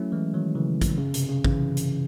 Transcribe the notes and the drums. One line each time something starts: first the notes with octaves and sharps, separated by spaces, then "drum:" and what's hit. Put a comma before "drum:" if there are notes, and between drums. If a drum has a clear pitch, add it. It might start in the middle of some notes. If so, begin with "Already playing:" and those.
Already playing: F#3 A3 C#4 E4
E3 G#3
D#3 F#3
C#3 E3
drum: kick, hi-hat
C#3
C3, drum: hi-hat
C#3
C#3 E3, drum: kick
drum: hi-hat